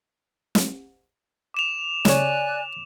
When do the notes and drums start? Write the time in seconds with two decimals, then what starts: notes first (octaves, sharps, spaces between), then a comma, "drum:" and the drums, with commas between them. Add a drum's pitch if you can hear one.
0.55 drum: snare
1.54 D6 E7 F7
2.05 C#3 C#5 D5 G#5 F#6 A6, drum: snare